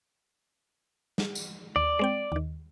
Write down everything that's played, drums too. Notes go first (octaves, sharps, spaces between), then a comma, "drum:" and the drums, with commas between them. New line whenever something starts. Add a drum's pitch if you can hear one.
drum: snare
drum: tambourine
D#2 D5
G#3 C4 G5
D#2 D#3